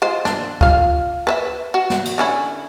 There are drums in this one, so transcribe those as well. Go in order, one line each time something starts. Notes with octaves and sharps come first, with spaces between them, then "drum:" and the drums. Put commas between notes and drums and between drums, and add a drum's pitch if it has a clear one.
G#3 F4 C5
D4, drum: snare
F4 F5, drum: kick C#2
B4 C5 E5
F#4
drum: snare
drum: cymbal
D3 C#4 E4